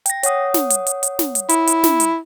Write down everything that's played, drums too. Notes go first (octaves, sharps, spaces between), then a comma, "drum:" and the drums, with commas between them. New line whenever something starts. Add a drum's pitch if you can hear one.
G5 A#6, drum: hi-hat
C#5 F#5 D#6, drum: hi-hat
drum: snare
drum: hi-hat
drum: hi-hat
drum: hi-hat
drum: snare
drum: hi-hat
E4, drum: hi-hat
drum: hi-hat
drum: snare
drum: hi-hat